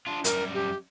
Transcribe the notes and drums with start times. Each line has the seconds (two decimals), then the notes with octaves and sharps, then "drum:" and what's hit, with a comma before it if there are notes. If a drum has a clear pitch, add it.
0.07 D4 F4
0.24 F#2 G3 A#4, drum: hi-hat
0.54 G4